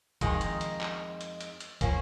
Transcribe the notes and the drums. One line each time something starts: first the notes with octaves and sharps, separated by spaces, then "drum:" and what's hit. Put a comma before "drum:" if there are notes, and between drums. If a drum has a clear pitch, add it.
F2 D#3 G#3 D#4, drum: kick, hi-hat
drum: hi-hat
drum: hi-hat
drum: clap
drum: hi-hat
drum: hi-hat
drum: hi-hat
F3 A#3 C#4, drum: kick, hi-hat